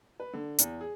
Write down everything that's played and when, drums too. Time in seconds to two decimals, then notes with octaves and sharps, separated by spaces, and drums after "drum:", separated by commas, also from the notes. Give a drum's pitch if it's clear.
0.20 B4
0.33 D3
0.59 E2, drum: hi-hat
0.81 G#4